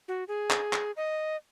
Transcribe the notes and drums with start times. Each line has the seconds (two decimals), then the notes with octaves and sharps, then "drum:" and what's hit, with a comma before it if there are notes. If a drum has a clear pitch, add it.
0.08 F#4
0.28 G#4
0.51 drum: clap
0.73 drum: clap
0.97 D#5